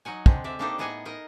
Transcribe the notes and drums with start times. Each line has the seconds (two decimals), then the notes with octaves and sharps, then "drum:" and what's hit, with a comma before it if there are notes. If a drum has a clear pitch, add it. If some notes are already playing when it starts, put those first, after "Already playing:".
0.05 F#3 D#4 F#5 G#5
0.26 D3 G#3 C4, drum: kick
0.44 C3 D5 E5
0.59 A#3 D4 D#4 G4 A4 C5
0.78 A2 B3 G#4 D#5 F#5 G#5
1.05 D#4 A#4 D#5